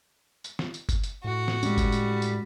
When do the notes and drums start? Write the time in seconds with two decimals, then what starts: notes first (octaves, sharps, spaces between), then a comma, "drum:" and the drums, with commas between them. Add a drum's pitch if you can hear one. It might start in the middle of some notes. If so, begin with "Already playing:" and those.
0.44 drum: tambourine
0.59 drum: snare
0.74 drum: tambourine
0.89 drum: kick G1, tambourine
1.04 drum: tambourine
1.24 A2 F#4
1.48 drum: snare
1.63 G3 G#3 C#4, drum: tambourine
1.78 drum: kick G1, tambourine
1.92 drum: tambourine
2.22 drum: tambourine